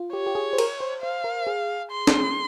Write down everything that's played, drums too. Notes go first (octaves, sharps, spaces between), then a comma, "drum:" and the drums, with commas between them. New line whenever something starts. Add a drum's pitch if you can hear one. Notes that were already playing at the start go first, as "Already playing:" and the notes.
Already playing: F4
G4 C#5
G4
G#4
C5
A#4, drum: cymbal
C5
C5 F5
A#4
G#4
C6
drum: snare